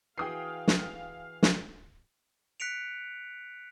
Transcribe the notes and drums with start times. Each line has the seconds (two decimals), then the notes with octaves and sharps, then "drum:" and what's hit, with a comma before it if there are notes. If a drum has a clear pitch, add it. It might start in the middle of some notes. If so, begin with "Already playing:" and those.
0.18 E3 F#4 G#4 F5 G5 D#6 C7
0.68 drum: snare
1.43 drum: snare
2.60 F#6 B6 C#7 D7 F7